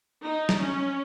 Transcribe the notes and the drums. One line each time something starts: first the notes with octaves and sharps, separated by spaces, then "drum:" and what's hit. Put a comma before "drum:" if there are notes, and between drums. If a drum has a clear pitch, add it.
D#4
drum: snare
C#4